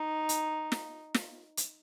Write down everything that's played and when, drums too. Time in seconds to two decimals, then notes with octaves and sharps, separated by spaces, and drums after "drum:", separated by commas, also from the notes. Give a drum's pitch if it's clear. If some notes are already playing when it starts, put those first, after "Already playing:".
Already playing: D#4
0.29 drum: hi-hat
0.72 drum: snare
1.14 drum: snare
1.57 drum: hi-hat